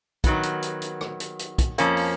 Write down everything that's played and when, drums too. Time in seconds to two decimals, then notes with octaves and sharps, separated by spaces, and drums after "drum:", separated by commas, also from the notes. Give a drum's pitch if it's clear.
0.24 D#3 F#3 B3, drum: kick, hi-hat
0.43 drum: hi-hat
0.62 drum: hi-hat
0.82 drum: hi-hat
1.01 drum: rim click
1.20 drum: hi-hat
1.39 drum: hi-hat
1.58 drum: kick, hi-hat
1.78 F2 F3 A#3 C#4, drum: hi-hat
1.97 drum: open hi-hat